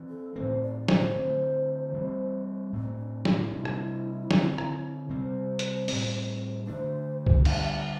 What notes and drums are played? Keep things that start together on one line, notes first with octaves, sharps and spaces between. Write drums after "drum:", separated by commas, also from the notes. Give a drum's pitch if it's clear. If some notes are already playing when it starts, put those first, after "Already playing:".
Already playing: E3 C4
A4
A2 E3 A3 C4 C5
D5
C5, drum: snare
D3 A3 C4
E3 G3 C4
A2 A3 C4
D4
E4, drum: snare
C3 G3 D4
drum: rim click
D3 C4, drum: snare
drum: rim click
C3 G3 C4 C5
drum: hi-hat
A2 G3 C4, drum: open hi-hat
D3 A3 D4 C5
drum: kick C2
D3 G3 D4, drum: cymbal